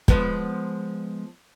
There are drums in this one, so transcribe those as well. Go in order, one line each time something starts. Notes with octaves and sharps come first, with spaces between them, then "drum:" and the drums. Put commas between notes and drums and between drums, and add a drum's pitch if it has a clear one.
F3 G#3 B3, drum: kick